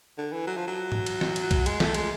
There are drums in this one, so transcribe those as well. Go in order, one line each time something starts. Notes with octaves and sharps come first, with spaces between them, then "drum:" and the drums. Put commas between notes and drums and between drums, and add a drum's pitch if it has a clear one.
D3
E3
F#3
F3
F#3
drum: tom G#2
drum: cymbal
drum: snare
drum: cymbal
drum: kick B1, cymbal
G#3, drum: cymbal
A3, drum: snare
G#3, drum: cymbal